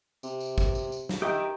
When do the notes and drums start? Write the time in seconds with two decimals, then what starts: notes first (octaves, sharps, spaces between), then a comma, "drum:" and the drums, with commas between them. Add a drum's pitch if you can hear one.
0.23 C3, drum: tambourine
0.40 drum: tambourine
0.58 drum: kick, tambourine
0.75 drum: tambourine
0.92 drum: tambourine
1.09 drum: snare
1.22 G4 A#4 D#5 E5 G5